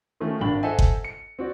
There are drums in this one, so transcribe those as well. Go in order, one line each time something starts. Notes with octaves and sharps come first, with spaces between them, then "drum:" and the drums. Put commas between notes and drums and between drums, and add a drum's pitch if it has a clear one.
D#3 F3 A3 C#4
G#1 D4 G5 B5 F#7
A4 C5 D#5 E5 F#5 G#5
drum: kick G1
C#7
C4 F#4 D5